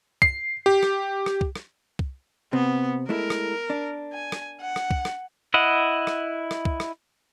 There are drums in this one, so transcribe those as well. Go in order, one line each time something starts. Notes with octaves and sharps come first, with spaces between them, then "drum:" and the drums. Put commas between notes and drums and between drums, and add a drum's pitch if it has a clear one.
C7, drum: kick
G4
drum: rim click
drum: rim click
drum: kick
drum: rim click
drum: kick
C3 B3 C4
G#3 A3 E4 A#4
drum: rim click
D4
G#5
drum: rim click
F#5
drum: rim click
drum: kick
drum: rim click
E4 D#5 F#5
drum: rim click
drum: rim click
drum: kick
drum: rim click